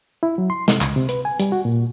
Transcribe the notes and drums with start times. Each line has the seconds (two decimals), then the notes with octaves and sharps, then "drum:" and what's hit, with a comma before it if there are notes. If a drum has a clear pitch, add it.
0.23 E4
0.38 F#3
0.50 C6
0.68 C3, drum: snare
0.81 C#2, drum: clap
0.96 C3
1.09 B4, drum: hi-hat
1.25 G#5
1.40 G3, drum: hi-hat
1.52 F#4
1.65 A#2